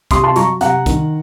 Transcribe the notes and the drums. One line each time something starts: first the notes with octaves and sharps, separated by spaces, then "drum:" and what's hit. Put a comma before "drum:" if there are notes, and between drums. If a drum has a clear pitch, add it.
C3 C6 D#6, drum: kick, hi-hat
A5 C6
F#3 A#5 C#6, drum: hi-hat
C3 F#5 A#5, drum: hi-hat
D#3, drum: kick, hi-hat